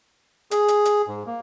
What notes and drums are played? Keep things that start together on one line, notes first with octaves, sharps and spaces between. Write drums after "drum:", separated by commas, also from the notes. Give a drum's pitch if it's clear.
G#4, drum: hi-hat
drum: hi-hat
drum: hi-hat
G#2
A#3